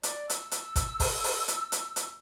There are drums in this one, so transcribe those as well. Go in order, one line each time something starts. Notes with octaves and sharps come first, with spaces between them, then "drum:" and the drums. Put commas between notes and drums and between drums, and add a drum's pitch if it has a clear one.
D5, drum: hi-hat
E6, drum: hi-hat
drum: hi-hat
drum: kick, hi-hat
drum: kick, open hi-hat
drum: open hi-hat
drum: hi-hat
drum: hi-hat
drum: hi-hat